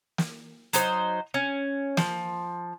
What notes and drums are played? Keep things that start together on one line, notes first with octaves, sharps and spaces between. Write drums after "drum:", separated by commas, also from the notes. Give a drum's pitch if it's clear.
drum: snare
F#3 D#4 C5, drum: hi-hat
C#4
F3, drum: snare